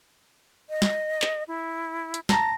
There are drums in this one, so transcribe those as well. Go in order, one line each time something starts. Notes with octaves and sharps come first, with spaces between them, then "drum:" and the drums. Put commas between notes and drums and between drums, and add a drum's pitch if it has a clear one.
D#5
drum: snare
drum: clap
E4
drum: hi-hat
A5 A#5 A#6, drum: snare